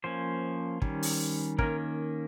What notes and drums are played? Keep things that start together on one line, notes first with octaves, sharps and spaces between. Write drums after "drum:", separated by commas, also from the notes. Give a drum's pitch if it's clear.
F3 A#3 C#4 C5
D#3 G3 C#4, drum: kick
drum: open hi-hat
D#3 A#3 C#4 A#4, drum: kick